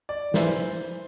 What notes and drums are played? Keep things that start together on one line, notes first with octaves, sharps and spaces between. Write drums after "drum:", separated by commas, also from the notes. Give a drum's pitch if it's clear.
D5
E3 C5, drum: snare